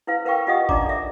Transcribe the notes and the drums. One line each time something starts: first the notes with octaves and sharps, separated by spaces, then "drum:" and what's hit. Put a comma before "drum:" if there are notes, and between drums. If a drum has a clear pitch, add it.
E4 B4 F5
A#4 B4 F5 G5 C#6
F4 G4 D#5 F5 F#5 D#6
D4 D#4 D5 A#5 D6, drum: kick G#1
A4 E5